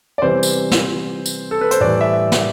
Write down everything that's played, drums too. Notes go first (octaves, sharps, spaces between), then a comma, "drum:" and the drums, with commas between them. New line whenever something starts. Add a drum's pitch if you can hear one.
D5
C3 E3 G3 B3 C5
drum: tambourine
drum: snare
drum: tambourine
A4
B4
C5, drum: hi-hat
A2 E3 G3 D5
E5
drum: snare